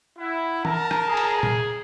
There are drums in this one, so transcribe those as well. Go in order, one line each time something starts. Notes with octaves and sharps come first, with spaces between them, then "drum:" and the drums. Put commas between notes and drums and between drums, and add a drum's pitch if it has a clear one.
E4 F#5
A#4 A5 A#5, drum: tom
drum: rim click
G#4
drum: cymbal
drum: tom A#2